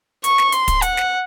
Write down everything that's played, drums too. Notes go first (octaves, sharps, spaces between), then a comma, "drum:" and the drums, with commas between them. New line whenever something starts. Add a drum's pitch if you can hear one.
C#6, drum: hi-hat
drum: snare
C6, drum: hi-hat
drum: kick, hi-hat
F#5, drum: hi-hat
drum: snare